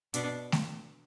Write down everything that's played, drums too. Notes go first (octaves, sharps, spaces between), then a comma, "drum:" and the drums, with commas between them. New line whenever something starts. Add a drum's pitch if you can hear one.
B2 D4, drum: hi-hat
drum: snare A3